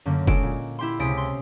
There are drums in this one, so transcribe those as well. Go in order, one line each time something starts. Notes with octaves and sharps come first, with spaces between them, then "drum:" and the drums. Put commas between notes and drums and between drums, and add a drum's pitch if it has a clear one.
F#2 D3 F#3 A#3
G#3 F#4 A4 D7, drum: kick F1
A#2
E4 G4 C6
C#2 C3 D#6 B6 D7
C6